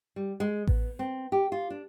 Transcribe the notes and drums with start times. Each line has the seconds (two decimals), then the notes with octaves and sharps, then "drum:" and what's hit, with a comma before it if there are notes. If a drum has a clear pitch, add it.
0.16 G3
0.40 G#3
0.67 B3, drum: kick A1
0.99 C4
1.32 G4
1.52 F4
1.70 D4